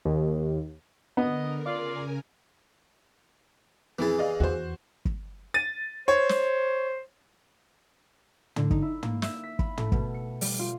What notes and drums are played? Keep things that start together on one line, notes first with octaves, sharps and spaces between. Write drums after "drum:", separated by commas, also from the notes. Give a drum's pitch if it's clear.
D#2
D3 B3 A#4 D#5
C#3 F4 A#4 D5 G#5
F2 E3 E4 G#4 A6
D5 D#5 F5
E2 F#4 C5
drum: kick
A6 D#7
C5 C#5
drum: snare
D3, drum: tom
D#4, drum: kick
E4
A#3, drum: tom
E5, drum: snare
B6
B5, drum: kick
A3, drum: tom
B2, drum: kick
C#7
G3, drum: open hi-hat
F4